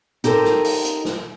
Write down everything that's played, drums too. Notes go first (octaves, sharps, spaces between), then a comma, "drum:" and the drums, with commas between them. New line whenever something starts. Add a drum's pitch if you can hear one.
D#4 G4 A4 A#4 C5, drum: hi-hat
drum: snare
drum: open hi-hat
drum: hi-hat
drum: snare